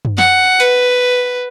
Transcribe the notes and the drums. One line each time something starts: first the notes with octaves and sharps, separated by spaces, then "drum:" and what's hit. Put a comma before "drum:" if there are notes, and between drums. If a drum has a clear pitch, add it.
drum: tom
F#5, drum: snare
B4, drum: hi-hat